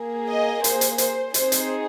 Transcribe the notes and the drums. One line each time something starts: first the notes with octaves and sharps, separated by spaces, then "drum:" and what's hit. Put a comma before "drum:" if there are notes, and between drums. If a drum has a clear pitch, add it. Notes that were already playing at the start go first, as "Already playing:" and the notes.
Already playing: A#3 G#4
D#5
C5, drum: hi-hat
drum: hi-hat
C5, drum: hi-hat
C4 D#4 G#4 C5, drum: hi-hat
drum: hi-hat